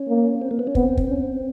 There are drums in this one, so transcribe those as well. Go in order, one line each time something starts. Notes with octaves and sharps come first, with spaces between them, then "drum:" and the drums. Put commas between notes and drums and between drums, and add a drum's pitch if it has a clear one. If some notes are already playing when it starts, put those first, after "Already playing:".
Already playing: C#4
A#3
C4
A#3
B3
C#4
B3 C4, drum: kick
drum: kick
C#4